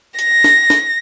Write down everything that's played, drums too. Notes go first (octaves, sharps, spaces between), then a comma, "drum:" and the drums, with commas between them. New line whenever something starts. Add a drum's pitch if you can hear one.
A#6, drum: hi-hat
drum: snare
drum: snare